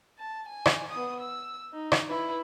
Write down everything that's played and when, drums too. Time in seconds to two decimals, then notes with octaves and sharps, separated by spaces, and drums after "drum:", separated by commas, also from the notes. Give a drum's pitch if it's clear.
0.18 A5
0.48 G#5
0.66 drum: rim click
0.91 B3 D#6
1.20 E6
1.73 D#4
1.92 drum: rim click
2.08 E4 B4